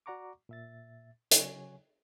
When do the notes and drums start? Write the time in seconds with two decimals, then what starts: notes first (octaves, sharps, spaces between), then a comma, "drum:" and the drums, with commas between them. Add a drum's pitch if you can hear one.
0.06 F#4 D5 F#5 A#5 C#6 D6
0.49 A#2 E5 A6
1.31 C#3 F#3 C#5 G#5, drum: hi-hat